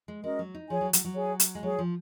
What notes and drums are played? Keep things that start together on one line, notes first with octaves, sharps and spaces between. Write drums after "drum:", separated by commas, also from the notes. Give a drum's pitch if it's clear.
G#3
G#3 C#4 F#4 A#4 D#5
F#3
D#4
F3 G#4 C#5 G#5
F#3
F#3, drum: hi-hat
F#3
G#4 C#5 G#5
drum: hi-hat
G#3
F#3 G#4 C#5 G#5
F3